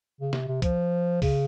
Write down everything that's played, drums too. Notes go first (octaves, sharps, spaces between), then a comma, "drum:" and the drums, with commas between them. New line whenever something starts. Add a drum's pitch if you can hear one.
C#3
C3, drum: snare
C3
F3, drum: kick C2, hi-hat
C#3, drum: kick C2, open hi-hat